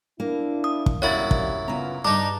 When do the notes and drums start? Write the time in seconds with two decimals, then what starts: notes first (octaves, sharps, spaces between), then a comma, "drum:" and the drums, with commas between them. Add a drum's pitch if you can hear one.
0.20 A#3 D4 E4
0.64 D#6
0.86 drum: kick
1.02 G1 F#2 G3 E4 C#5 E5 F5 A6
1.31 drum: kick
1.68 C#3 B3 F4 A#5
2.05 G2 G3 G#3 D4 D#4 A5 A#5 D6